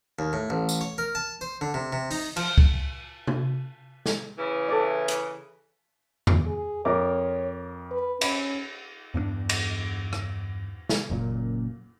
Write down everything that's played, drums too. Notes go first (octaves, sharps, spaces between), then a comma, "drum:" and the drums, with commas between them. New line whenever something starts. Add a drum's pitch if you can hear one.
D#2
A2
A1
drum: tambourine
C#5
A#4
A5
C5
D3
C3
C3
D#4, drum: open hi-hat
F3, drum: cymbal
drum: kick C2
drum: tom C3
drum: snare
C#3 E3
A4 D5
drum: hi-hat
drum: tom E2
G#4
F2 A#4 C#5 D6
B4
C#4 B5, drum: cymbal
E2 G2 A#3 D4
drum: cymbal
drum: rim click
drum: snare
F#1 F#2 A#2